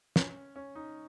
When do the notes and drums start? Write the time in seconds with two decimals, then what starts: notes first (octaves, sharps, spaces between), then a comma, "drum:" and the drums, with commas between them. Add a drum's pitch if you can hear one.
0.16 C#4, drum: snare
0.56 C#4
0.75 D#4